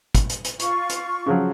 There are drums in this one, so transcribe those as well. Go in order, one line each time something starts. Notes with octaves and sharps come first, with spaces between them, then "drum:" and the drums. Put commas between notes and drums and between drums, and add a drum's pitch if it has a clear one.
drum: kick, hi-hat
drum: hi-hat
drum: hi-hat
F4 C#6, drum: hi-hat
drum: hi-hat
C#3 F3 F#3